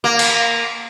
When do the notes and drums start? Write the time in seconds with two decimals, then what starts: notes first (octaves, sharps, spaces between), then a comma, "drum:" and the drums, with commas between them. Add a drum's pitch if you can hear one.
0.04 A#3
0.19 drum: cymbal